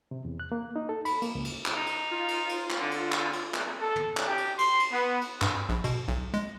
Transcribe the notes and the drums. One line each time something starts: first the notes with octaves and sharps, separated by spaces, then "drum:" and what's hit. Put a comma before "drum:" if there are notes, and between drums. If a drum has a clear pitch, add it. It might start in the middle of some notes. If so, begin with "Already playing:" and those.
C3
E2
F#6
A#3
D#4
A4
B5, drum: cymbal
A#3, drum: cymbal
C#2
drum: cymbal
drum: clap
D#4
drum: cymbal
F4
drum: cymbal
drum: cymbal
drum: clap
D3
drum: cymbal
drum: clap
drum: cymbal
drum: clap
A4
drum: tom
drum: clap
G4
drum: cymbal
C6, drum: cymbal
drum: cymbal
B3
drum: cymbal
G2, drum: clap
A#1
B2, drum: cymbal
B1
G#3